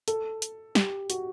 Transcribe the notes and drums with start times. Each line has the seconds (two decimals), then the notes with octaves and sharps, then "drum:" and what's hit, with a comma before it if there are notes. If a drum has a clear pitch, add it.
0.08 A4, drum: hi-hat
0.42 drum: hi-hat
0.75 G4, drum: snare
1.10 F#4, drum: hi-hat